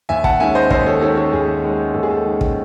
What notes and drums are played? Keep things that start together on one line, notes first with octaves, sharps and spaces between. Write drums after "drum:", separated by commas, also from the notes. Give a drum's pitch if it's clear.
D#2 E5 G#5
F#5 A5, drum: kick
D#3 G#3 C#4 E5 G#5
C5 D#5
D#2 C5 D#5, drum: kick
A4 C#5
D#3 G#3 C#4 A4 C#5
A4 C#5
D#2 G#4
D#3 G#3 C#4
D#2 A4
G#4
A4
D#3 G#3 C#4
drum: kick